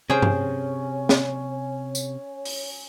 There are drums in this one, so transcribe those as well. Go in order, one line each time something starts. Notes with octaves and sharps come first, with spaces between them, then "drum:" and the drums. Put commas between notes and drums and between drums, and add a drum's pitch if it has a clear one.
C3 C#4 G#4 C5 C#5 G5
drum: tom G2
drum: snare
drum: tambourine
drum: open hi-hat